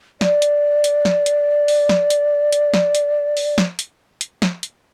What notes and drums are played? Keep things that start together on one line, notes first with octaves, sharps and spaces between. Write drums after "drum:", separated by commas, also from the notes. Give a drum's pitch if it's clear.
D5, drum: snare
drum: hi-hat
drum: hi-hat
drum: snare
drum: hi-hat
drum: open hi-hat
drum: snare
drum: hi-hat
drum: hi-hat
drum: snare
drum: hi-hat
drum: open hi-hat
drum: snare
drum: hi-hat
drum: hi-hat
drum: snare
drum: hi-hat